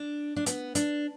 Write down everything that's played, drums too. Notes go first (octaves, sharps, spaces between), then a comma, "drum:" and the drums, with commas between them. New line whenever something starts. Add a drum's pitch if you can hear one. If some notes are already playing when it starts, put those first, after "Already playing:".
Already playing: D4
D4
B3, drum: hi-hat
D4, drum: hi-hat